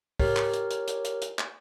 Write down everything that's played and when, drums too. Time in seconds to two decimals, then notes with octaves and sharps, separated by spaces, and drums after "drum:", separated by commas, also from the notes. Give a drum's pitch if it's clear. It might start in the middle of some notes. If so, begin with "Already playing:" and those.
0.19 G4 A#4 C#5, drum: kick, open hi-hat
0.37 drum: clap
0.54 drum: hi-hat
0.71 drum: hi-hat
0.88 drum: hi-hat
1.05 drum: hi-hat
1.22 drum: hi-hat
1.39 drum: clap